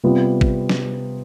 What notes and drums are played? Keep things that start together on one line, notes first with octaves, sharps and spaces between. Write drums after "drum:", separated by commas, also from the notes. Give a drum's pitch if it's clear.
C3 G3 B3 F4 B4
drum: kick
drum: snare